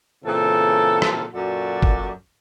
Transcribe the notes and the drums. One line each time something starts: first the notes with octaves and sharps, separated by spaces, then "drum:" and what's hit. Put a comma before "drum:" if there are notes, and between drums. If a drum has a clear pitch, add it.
A#2 C#3 E3 C4 A4
drum: rim click
F#2 A#2 F#4 A4 D5
drum: kick